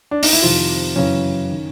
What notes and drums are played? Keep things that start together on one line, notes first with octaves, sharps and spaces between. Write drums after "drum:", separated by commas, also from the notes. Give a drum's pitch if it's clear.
D4
D#4, drum: open hi-hat
E4
F2 C3 D#3 F4
F#2 C#3 E3 C#4
D#3